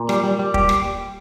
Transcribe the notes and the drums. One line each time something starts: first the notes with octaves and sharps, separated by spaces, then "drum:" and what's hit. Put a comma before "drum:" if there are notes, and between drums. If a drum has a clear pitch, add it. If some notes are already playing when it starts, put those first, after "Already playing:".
Already playing: A#2
G3, drum: rim click
G3
G3
G4, drum: kick
drum: rim click